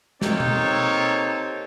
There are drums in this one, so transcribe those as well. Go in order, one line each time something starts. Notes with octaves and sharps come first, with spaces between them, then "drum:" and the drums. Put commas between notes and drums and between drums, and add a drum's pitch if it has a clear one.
A#3 C4 D#4 G4 A4 C#5, drum: snare
drum: tom B2